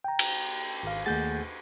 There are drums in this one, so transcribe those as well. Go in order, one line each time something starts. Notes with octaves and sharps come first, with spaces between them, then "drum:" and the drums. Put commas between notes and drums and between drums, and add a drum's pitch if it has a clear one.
G5 A#5
drum: cymbal
G#1 F5
D#2 A3 G#4 F#5 G6 A6